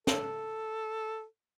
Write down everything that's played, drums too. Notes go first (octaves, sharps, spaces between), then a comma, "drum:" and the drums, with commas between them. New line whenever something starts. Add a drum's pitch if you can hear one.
A4, drum: snare